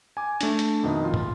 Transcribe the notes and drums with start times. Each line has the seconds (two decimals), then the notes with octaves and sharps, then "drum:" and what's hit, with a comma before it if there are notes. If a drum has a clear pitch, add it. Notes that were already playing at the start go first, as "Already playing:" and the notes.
0.17 G#5 D6
0.41 A3 D4, drum: hi-hat
0.59 drum: hi-hat
0.83 F2 B2 D#3 D#5
1.04 F4
1.14 drum: tom